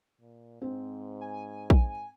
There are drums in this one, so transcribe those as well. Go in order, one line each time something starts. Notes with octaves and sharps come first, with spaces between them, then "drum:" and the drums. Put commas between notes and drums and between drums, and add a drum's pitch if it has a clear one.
A#2
G#2 C4
G#5
drum: kick A#1